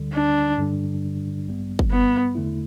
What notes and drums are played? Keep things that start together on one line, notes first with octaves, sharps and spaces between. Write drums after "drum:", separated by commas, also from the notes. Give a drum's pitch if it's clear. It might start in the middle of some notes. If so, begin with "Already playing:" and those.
Already playing: D2 D3 G3
D4
G2 D3 G3 D4
A1 G2 G3 B3
drum: kick
B3
E2 D3 A3 E4